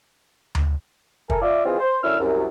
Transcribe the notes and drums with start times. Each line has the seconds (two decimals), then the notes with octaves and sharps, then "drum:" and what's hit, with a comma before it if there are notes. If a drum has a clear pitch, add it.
0.55 drum: tom D2
1.30 A4 A#4 G#5, drum: kick
1.42 F4 D5 E5
1.66 E3 G#3 C4 F4 G#4
1.79 C5
2.04 F#2 D3 C#4 E4 E6 F6
2.19 C2 F#2